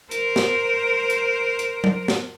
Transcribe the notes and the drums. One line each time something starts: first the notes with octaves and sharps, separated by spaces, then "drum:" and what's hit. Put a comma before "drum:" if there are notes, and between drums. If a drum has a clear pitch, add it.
A#4 C5, drum: hi-hat
drum: snare
drum: hi-hat
drum: hi-hat
drum: tom F#3
drum: snare